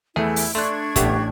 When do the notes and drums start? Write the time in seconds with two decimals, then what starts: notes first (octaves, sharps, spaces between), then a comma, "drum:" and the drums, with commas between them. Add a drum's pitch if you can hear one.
0.16 E2 A3 E4 G#4
0.36 drum: open hi-hat
0.55 A3 D4 C6 C#6 F#6 G#6
0.96 A1 A3 B3 G4, drum: kick, hi-hat